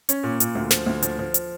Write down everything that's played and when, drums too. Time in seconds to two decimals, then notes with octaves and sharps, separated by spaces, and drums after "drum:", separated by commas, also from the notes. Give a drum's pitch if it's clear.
0.09 C#4, drum: hi-hat
0.23 A#2
0.40 A#2, drum: hi-hat
0.55 D2
0.71 F3, drum: snare
0.86 D2
1.03 F3, drum: hi-hat
1.19 F3
1.34 drum: hi-hat